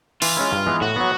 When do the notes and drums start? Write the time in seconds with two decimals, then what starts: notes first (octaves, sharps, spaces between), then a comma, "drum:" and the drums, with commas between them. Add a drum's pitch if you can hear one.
0.22 E3 F4, drum: open hi-hat
0.37 G#3 C#4 E4
0.52 G2
0.67 E3 G#3 B3
0.81 A2 F#4
0.96 F#3 B3